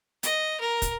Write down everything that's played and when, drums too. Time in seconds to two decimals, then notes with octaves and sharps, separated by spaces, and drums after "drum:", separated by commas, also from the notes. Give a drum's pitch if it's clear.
0.23 D#5, drum: hi-hat
0.60 A#4
0.82 drum: kick, hi-hat